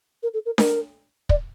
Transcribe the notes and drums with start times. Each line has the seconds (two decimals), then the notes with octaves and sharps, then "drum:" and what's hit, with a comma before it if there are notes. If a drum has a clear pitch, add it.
0.23 A#4
0.33 A4
0.45 A#4
0.58 A#4, drum: snare D4
1.29 D5, drum: kick